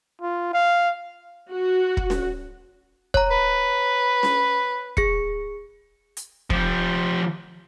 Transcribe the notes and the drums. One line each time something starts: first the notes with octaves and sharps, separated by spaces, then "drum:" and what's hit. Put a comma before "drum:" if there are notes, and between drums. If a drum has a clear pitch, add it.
F4
F5
F#4
drum: kick
drum: snare C#4
C#5 A#5, drum: kick
B4
drum: snare C#4
G#4 C#7, drum: kick
drum: hi-hat
F3 G4, drum: kick